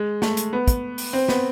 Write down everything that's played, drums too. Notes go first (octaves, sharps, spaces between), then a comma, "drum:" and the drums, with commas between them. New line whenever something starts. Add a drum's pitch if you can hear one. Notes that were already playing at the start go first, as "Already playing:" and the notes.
Already playing: G#3
A3, drum: snare
drum: hi-hat
B3
drum: kick, hi-hat
drum: open hi-hat
C4
B3, drum: snare